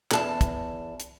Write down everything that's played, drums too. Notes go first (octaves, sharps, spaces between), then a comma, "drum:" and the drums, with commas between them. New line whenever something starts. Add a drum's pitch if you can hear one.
E2 A5, drum: clap
drum: kick, hi-hat
drum: hi-hat